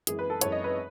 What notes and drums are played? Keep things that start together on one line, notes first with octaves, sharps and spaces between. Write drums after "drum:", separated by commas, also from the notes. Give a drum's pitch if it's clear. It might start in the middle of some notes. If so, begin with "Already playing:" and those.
F#2 E3 G#3 G#4, drum: hi-hat
B4
A4
F#2 E3 G#3 C#5, drum: hi-hat
D#5
B4